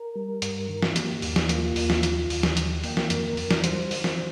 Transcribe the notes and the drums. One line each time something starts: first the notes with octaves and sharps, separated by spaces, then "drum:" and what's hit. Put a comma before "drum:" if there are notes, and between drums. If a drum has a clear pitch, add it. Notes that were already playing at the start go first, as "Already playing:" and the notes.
Already playing: A#4
G3
G2, drum: hi-hat
D#3
drum: snare
A#3 G4, drum: hi-hat
D#2, drum: open hi-hat
drum: snare
A#3 F4, drum: hi-hat
D#2, drum: open hi-hat
drum: snare
D#3, drum: hi-hat
D#2, drum: open hi-hat
drum: snare
D#3, drum: hi-hat
A#3 G5, drum: open hi-hat
drum: snare
F2 A#4, drum: hi-hat
F2, drum: open hi-hat
drum: snare
G3 C5, drum: hi-hat
D#3, drum: open hi-hat
drum: snare